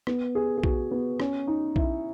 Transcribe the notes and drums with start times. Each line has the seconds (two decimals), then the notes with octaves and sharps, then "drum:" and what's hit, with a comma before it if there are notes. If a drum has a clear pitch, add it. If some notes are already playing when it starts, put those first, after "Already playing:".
0.07 B3, drum: rim click
0.35 G#4
0.57 G#4
0.63 F#4, drum: kick
0.91 B3
1.20 C#4, drum: rim click
1.48 D#4
1.76 E4, drum: kick